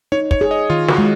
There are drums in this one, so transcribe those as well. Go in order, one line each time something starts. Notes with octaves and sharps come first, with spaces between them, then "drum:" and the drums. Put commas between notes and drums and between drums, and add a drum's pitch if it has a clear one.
D#4 C#5
C#5, drum: kick
G#4
D#5
D#3 F4
F#4, drum: snare
G#3